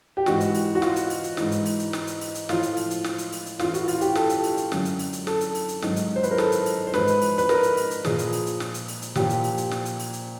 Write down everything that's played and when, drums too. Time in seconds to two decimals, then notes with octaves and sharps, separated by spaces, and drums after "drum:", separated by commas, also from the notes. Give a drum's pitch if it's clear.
0.17 G4
0.26 G#2 E3 F#4, drum: snare
0.40 drum: hi-hat
0.54 drum: open hi-hat
0.75 F#4
0.82 F4, drum: snare
0.96 drum: hi-hat
1.10 drum: open hi-hat
1.24 drum: hi-hat
1.37 G#2 E3, drum: snare
1.52 drum: hi-hat
1.65 drum: open hi-hat
1.79 drum: hi-hat
1.93 drum: snare
2.07 drum: hi-hat
2.21 drum: open hi-hat
2.35 drum: hi-hat
2.49 A2 F3 F4, drum: snare
2.63 drum: hi-hat
2.77 drum: open hi-hat
2.90 drum: hi-hat
3.04 drum: snare
3.18 drum: hi-hat
3.32 drum: open hi-hat
3.46 drum: hi-hat
3.59 A2 E3 F4, drum: snare
3.74 F#4, drum: hi-hat
3.88 F4, drum: open hi-hat
4.01 G4, drum: hi-hat
4.15 A4, drum: snare
4.29 drum: hi-hat
4.43 drum: open hi-hat
4.57 drum: hi-hat
4.72 F#2 D3 F#3, drum: snare
4.85 drum: hi-hat
4.99 drum: open hi-hat
5.13 drum: hi-hat
5.27 A4, drum: snare
5.41 drum: hi-hat
5.55 drum: open hi-hat
5.68 drum: hi-hat
5.82 G#2 D#3 F#3, drum: snare
5.96 drum: hi-hat
6.16 C5
6.23 B4, drum: hi-hat
6.31 A#4
6.38 A4, drum: snare
6.52 drum: hi-hat
6.66 drum: open hi-hat
6.87 C5
6.94 G#2 F3 B4, drum: snare
7.07 drum: hi-hat
7.21 drum: open hi-hat
7.38 B4, drum: hi-hat
7.49 A#4, drum: snare
7.63 drum: hi-hat
7.77 drum: open hi-hat
7.91 drum: hi-hat
8.05 A#2 F3 G#4, drum: snare
8.19 drum: hi-hat
8.32 drum: open hi-hat
8.46 drum: hi-hat
8.60 drum: snare
8.74 drum: hi-hat
8.88 drum: open hi-hat
9.02 drum: hi-hat
9.15 A#2 F3 G4, drum: snare
9.30 drum: hi-hat
9.44 drum: open hi-hat
9.58 drum: hi-hat
9.71 drum: snare
9.85 drum: hi-hat
9.99 drum: open hi-hat
10.13 drum: hi-hat